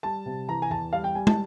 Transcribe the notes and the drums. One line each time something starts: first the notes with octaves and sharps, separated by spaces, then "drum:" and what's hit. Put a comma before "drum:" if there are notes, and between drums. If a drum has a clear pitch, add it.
G3 A5
C3
E3 A#5
G#5
E2 A5
G3 F5
G5
G3 G#5
A5, drum: tom